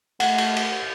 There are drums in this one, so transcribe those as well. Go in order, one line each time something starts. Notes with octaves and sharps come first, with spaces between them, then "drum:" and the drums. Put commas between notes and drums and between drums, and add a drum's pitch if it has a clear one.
A3 F#5, drum: cymbal
drum: cymbal
drum: cymbal